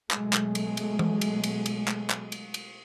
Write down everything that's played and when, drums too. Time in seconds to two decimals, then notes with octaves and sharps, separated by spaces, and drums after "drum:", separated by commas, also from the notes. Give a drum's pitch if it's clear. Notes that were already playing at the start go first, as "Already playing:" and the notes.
0.11 B2 F#3 G#3 A3, drum: clap
0.33 drum: clap
0.55 drum: cymbal
0.77 drum: cymbal
0.99 drum: tom E3
1.21 drum: cymbal
1.44 drum: cymbal
1.66 drum: cymbal
1.88 drum: clap
2.10 drum: clap
2.32 drum: cymbal
2.54 drum: cymbal